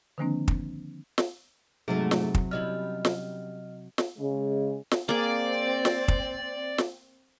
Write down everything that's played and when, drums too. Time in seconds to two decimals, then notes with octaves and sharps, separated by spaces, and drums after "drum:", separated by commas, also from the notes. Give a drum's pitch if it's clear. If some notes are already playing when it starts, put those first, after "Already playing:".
0.18 D3 D#3 F3 A#3 C4 D4
0.48 drum: kick
1.18 drum: snare
1.88 F2 G#2 C3 F#3 A3 D#4 G#4
2.11 drum: snare
2.35 drum: kick
2.51 G3 C#4 E4 D#5 F6
3.05 drum: snare
3.98 drum: snare
4.18 C#3 G#3
4.91 drum: snare
5.09 A#3 C4 G#4 D5
5.85 drum: snare
6.08 drum: kick
6.78 drum: snare